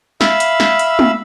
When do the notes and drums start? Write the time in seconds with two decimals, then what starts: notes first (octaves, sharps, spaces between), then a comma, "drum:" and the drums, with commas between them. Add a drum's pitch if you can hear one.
0.21 E5 F5 B5 E6, drum: snare
0.40 drum: hi-hat
0.60 drum: snare
0.79 drum: hi-hat
0.99 drum: tom